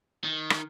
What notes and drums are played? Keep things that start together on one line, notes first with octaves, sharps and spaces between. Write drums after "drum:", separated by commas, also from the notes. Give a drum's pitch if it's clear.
D#3
drum: rim click